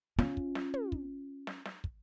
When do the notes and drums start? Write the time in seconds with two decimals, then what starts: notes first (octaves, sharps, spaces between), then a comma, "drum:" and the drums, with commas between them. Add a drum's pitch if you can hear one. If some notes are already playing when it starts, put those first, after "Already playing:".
0.19 C#4 F4, drum: snare
0.37 drum: kick
0.55 drum: snare
0.74 drum: tom
0.92 drum: kick
1.47 drum: snare
1.65 drum: snare
1.84 drum: kick